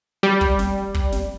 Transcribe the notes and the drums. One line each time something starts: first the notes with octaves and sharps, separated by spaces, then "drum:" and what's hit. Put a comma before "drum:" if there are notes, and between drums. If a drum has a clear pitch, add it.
G3
drum: kick
drum: snare
drum: kick
drum: snare